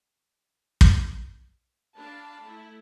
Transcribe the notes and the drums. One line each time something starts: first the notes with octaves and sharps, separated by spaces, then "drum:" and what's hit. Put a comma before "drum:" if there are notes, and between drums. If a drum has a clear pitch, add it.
drum: kick
D4 F5 A5 B5
A3 E4